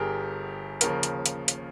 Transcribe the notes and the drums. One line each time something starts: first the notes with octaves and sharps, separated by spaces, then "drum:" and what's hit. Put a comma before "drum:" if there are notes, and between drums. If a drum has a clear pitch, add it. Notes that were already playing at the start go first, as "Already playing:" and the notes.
Already playing: G1 G2 G4 G#4 A#4
D#2 C#3 F3 A#4, drum: hi-hat
drum: hi-hat
drum: hi-hat
drum: hi-hat